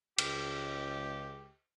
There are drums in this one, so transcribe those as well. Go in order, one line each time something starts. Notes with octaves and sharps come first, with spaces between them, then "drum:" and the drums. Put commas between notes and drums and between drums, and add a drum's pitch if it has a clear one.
C#2 G4, drum: cymbal